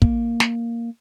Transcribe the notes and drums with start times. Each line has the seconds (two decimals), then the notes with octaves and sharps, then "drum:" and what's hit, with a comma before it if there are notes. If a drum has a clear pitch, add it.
0.02 A#3, drum: kick
0.40 drum: snare